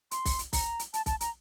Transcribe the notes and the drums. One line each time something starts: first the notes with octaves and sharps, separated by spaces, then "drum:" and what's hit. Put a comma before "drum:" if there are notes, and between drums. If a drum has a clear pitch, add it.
C6, drum: hi-hat
drum: kick B1, open hi-hat
drum: hi-hat
A#5, drum: kick B1, open hi-hat
drum: hi-hat
A5, drum: hi-hat
A5, drum: kick B1, hi-hat
A#5, drum: hi-hat